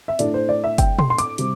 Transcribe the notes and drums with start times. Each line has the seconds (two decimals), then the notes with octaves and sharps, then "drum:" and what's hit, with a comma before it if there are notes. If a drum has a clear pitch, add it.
0.08 E5
0.19 A2 A3 D4 D5, drum: hi-hat
0.34 C5
0.49 D5
0.64 E5
0.78 G5, drum: kick F#1, hi-hat
0.99 C6, drum: tom
1.10 C6
1.18 D6, drum: hi-hat
1.38 C3 G3, drum: hi-hat